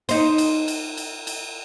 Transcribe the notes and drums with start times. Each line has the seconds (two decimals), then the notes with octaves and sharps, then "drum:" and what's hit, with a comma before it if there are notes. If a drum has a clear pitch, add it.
0.09 D#4 C5, drum: cymbal
0.38 drum: cymbal
0.68 drum: cymbal
0.97 drum: cymbal
1.27 drum: cymbal